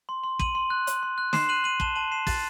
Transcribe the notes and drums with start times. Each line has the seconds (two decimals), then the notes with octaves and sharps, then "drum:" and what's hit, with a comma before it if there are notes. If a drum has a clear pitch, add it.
0.09 C6
0.24 C6
0.39 C6 D#7 F#7, drum: kick
0.55 C6
0.70 F#6
0.87 C6, drum: hi-hat
1.03 C6
1.18 F#6
1.33 C6 C7 E7, drum: snare
1.49 F#6 D#7 F#7
1.64 F#6 D#7 F#7
1.80 A5 E7 G7, drum: kick
1.95 A5 D#7 F#7
2.11 A5 C7 E7
2.27 F#6 A6 C7, drum: kick, open hi-hat